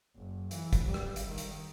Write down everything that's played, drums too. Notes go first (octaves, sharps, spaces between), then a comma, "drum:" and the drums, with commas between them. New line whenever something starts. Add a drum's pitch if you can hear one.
F#1
E3, drum: hi-hat
drum: kick, hi-hat
G3
drum: rim click
drum: hi-hat
D#3
drum: hi-hat